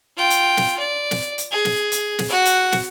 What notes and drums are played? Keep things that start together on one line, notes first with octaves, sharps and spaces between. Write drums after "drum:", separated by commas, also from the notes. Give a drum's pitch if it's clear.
F4 G5
drum: hi-hat
drum: snare
D5
drum: snare
drum: hi-hat
G#4
drum: snare
drum: hi-hat
drum: snare
F#4 F#5
drum: hi-hat
drum: snare